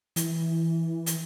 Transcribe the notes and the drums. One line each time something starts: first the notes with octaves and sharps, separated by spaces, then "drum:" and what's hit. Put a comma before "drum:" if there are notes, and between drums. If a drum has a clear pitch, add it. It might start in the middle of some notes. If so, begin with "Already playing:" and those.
E3, drum: hi-hat
drum: hi-hat